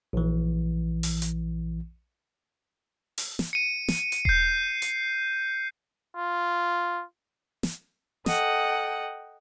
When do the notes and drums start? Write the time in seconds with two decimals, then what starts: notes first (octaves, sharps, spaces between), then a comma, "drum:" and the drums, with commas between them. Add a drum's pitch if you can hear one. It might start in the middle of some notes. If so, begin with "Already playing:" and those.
0.13 A#1 E3
1.03 drum: open hi-hat
1.22 drum: hi-hat
3.18 drum: open hi-hat
3.39 drum: snare
3.53 C#7 D#7
3.88 drum: snare
4.12 drum: hi-hat
4.25 G6 C7, drum: kick E1
4.82 drum: hi-hat
6.17 F4
7.63 drum: snare
8.26 A4 D#5 F#5 G5, drum: snare